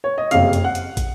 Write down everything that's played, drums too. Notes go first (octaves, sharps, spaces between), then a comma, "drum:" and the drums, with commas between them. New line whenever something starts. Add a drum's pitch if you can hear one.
C#5
D#5
F#1 F2 C3 F5, drum: hi-hat
drum: hi-hat
F#5
drum: hi-hat
drum: kick, hi-hat